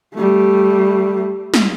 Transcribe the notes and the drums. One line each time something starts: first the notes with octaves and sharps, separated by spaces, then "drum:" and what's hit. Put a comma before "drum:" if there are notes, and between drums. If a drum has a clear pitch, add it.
G3 A3
drum: snare